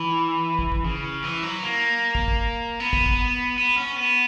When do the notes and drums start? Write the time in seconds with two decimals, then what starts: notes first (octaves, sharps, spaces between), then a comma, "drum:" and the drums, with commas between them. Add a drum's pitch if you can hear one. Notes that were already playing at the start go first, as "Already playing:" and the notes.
Already playing: E3
0.59 drum: kick
0.72 drum: kick
0.84 C#3
1.24 E3
1.43 F#3
1.63 A#3
2.15 drum: kick
2.28 drum: kick
2.80 B3
2.93 drum: kick
3.06 drum: kick
3.58 B3
3.78 C#4
3.96 B3